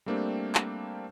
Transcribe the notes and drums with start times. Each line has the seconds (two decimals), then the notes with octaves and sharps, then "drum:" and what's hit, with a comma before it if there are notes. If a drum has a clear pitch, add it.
0.06 G3 A3 A#3 C4 D4 G4
0.55 drum: clap